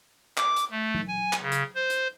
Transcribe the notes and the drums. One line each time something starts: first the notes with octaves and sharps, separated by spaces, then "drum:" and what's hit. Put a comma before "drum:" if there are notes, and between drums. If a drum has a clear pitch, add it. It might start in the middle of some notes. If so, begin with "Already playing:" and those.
D6, drum: clap
drum: hi-hat
A3
drum: tom F#3
G#5
drum: clap
C#3
drum: hi-hat
C5
drum: hi-hat